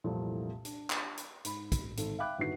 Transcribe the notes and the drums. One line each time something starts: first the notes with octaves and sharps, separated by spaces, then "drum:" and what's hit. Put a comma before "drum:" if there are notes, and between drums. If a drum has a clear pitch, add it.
C2 F2 A#2 E3 G3 A3
D4, drum: hi-hat
drum: clap
drum: hi-hat
G#2 B5, drum: hi-hat
drum: kick, hi-hat
G#1 A4, drum: hi-hat
E5 F5 G5 B5 D6 F#6
G1 A2 D#3 F#4 B4 C7